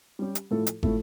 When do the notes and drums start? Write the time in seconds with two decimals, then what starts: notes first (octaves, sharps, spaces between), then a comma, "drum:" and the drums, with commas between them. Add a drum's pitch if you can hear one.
0.19 G3 C#4 G4
0.35 drum: hi-hat
0.51 A2 F3 A3 E4 A4
0.67 drum: hi-hat
0.83 A2 F3 A3 E4 A4, drum: kick